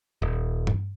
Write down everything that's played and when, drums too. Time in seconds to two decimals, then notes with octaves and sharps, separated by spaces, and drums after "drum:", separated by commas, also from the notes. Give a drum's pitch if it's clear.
0.22 D#1
0.67 drum: tom G2